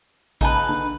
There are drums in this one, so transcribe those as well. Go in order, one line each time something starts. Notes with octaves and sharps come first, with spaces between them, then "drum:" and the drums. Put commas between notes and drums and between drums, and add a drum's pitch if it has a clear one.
C#2 D#4 B4 G#5 A5, drum: kick A1, hi-hat
D3